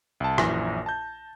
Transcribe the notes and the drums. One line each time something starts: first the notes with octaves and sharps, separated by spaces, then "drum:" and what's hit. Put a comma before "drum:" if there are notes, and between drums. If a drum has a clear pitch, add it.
C2 A5
A#1 F#2 E3 G#5 A#6, drum: rim click
A5 G6